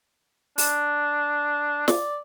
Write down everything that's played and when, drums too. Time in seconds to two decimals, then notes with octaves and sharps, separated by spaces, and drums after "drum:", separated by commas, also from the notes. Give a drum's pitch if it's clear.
0.58 D4, drum: open hi-hat
1.88 D5, drum: snare